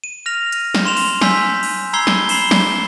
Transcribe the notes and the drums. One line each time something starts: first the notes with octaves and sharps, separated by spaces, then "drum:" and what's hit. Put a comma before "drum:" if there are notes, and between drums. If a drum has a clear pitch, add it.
D#7
F6 A#6 F7
drum: hi-hat
drum: snare
C6 E7 F7
drum: open hi-hat
G#5 C6 E6 G6 B6, drum: snare
drum: open hi-hat
A#5 B5 E6 G#6 C7 G7
drum: snare
B5 C7 E7 G7, drum: open hi-hat
drum: snare